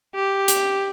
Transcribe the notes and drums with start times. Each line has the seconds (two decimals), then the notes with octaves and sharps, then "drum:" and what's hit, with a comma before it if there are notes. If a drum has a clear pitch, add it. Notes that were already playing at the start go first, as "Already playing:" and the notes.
0.15 G4
0.48 drum: hi-hat